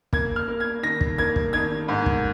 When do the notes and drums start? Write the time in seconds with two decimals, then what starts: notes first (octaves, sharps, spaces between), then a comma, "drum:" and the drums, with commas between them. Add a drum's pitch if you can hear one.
0.13 A#3 G#6, drum: kick
0.36 F6
0.48 A#3
0.60 G#6
0.83 D#3 A#6
1.01 drum: kick
1.18 A#3 G#6
1.36 drum: kick
1.53 D#3 G#6
1.88 G#2
2.06 drum: kick